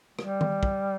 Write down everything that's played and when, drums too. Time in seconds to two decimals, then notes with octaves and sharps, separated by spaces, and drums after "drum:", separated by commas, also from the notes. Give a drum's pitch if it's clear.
0.19 G3, drum: rim click
0.41 drum: tom D#3
0.63 drum: kick